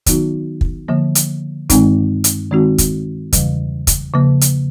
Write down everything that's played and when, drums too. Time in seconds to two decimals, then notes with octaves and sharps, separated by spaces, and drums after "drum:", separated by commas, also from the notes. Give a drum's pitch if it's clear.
0.06 D#3 F#3 B3 D#4 F#4, drum: kick, hi-hat
0.61 drum: kick
0.88 D3 F3 A#3
1.15 drum: hi-hat
1.70 G2 D#3 G#3 C4 D#4, drum: kick, hi-hat
2.24 drum: hi-hat
2.51 D#3 G#3 C4 D#4 F#4
2.78 drum: kick, hi-hat
3.33 E2 C#3 E3 G3, drum: kick, hi-hat
3.87 drum: kick, hi-hat
4.14 C#3 F3 A#3
4.41 drum: hi-hat